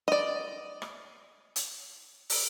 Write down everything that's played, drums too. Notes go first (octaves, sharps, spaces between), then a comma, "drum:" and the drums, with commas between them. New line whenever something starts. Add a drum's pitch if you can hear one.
D5 D#5
drum: rim click
drum: hi-hat
drum: open hi-hat